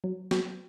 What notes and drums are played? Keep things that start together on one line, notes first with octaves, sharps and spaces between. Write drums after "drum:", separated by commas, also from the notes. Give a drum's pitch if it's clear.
F#3
F#3, drum: snare